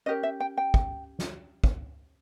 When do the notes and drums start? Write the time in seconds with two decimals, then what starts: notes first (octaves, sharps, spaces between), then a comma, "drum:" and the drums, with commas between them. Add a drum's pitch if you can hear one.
0.06 C#4 G4 A#4 D#5
0.23 E5
0.40 G5
0.57 G5
0.74 drum: kick
1.19 drum: snare
1.64 drum: kick